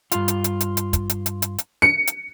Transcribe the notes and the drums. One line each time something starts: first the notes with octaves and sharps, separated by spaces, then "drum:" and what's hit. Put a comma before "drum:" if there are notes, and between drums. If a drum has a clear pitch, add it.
G2 F4, drum: hi-hat
drum: hi-hat
drum: hi-hat
drum: hi-hat
drum: hi-hat
drum: kick, hi-hat
drum: hi-hat
drum: hi-hat
drum: hi-hat
drum: hi-hat
C#7
drum: hi-hat